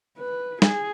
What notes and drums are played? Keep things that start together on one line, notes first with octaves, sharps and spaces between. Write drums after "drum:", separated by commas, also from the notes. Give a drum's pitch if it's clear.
B4
G#4, drum: snare